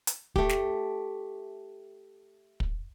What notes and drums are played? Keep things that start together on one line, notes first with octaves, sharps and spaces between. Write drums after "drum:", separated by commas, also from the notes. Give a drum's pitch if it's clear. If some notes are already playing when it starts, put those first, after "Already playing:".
drum: hi-hat
A3 G4, drum: kick
drum: snare
drum: kick